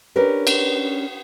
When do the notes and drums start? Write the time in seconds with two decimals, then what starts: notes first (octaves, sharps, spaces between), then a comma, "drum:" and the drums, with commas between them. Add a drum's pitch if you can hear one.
0.16 C#4 D4 G4 A#4 B4 C#5
0.47 drum: cymbal